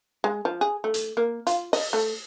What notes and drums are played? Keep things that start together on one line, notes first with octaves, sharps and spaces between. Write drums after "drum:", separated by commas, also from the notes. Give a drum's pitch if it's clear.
G#3
F3
G#4
A3
drum: hi-hat
A#3
F4, drum: hi-hat
D#5, drum: open hi-hat
A3